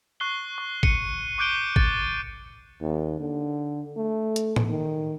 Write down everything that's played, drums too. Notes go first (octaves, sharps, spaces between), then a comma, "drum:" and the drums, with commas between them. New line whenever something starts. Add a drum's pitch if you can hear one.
C#6 F#6 C7 G7
C#6
C#7 D#7, drum: kick
C#6 D6 F#6 G6 D7 G7
A6, drum: kick
D#2
D3
A3
drum: hi-hat
drum: tom A2
D#3